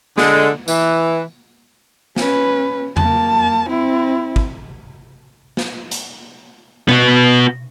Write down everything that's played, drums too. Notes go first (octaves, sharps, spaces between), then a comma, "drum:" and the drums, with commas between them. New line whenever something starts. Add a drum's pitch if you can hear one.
D3 G#3, drum: snare
E3, drum: tambourine
C#4 B4, drum: snare
A#3 A5, drum: tom E2
C4 E4
drum: kick
drum: snare
drum: hi-hat
B3 F#4, drum: tom B2